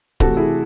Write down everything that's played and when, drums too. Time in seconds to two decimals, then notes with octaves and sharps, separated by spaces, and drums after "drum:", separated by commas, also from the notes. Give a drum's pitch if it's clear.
0.20 C3 E3 A3 F#4 A4, drum: kick D1
0.37 E4 G#4